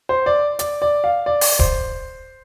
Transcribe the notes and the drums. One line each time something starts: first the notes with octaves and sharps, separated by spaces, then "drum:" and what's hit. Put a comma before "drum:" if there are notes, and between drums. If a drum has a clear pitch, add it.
C5
D5
D5, drum: hi-hat
D5
F5
D5
drum: open hi-hat
C5, drum: kick D1